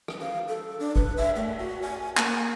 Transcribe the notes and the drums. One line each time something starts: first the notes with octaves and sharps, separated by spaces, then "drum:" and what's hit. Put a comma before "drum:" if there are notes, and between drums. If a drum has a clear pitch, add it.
drum: rim click
F5
A4
D4
B4, drum: kick
E5, drum: cymbal
A3
F#4
G#5
A#3, drum: clap